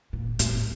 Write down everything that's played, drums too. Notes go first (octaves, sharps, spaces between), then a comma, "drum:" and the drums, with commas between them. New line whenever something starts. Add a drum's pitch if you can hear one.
A#2
A2, drum: hi-hat